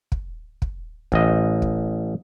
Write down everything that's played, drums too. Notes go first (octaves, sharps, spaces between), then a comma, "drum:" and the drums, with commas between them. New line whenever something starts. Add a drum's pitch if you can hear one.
drum: kick
drum: kick
A1 D#5, drum: kick
drum: kick